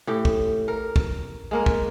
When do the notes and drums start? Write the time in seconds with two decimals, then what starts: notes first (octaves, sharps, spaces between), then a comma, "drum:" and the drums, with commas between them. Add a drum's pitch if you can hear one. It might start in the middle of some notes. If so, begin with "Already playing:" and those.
0.07 A2 G4
0.25 drum: kick
0.68 A#4
0.96 drum: kick
1.51 G#3 A#3 A#4
1.66 drum: kick